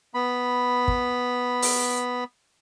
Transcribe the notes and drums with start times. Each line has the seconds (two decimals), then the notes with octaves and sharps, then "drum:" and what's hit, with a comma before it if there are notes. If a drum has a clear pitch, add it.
0.14 B3 B5
0.88 drum: kick
1.62 drum: open hi-hat